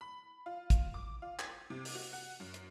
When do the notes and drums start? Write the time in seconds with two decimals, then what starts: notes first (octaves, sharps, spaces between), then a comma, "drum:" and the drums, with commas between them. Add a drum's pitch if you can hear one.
0.01 B5
0.46 F4
0.70 drum: kick, hi-hat
0.94 D6
1.22 F4
1.39 G#6, drum: clap
1.70 C3
1.85 drum: open hi-hat
1.95 F#4
2.13 F#5
2.40 F#2
2.54 drum: hi-hat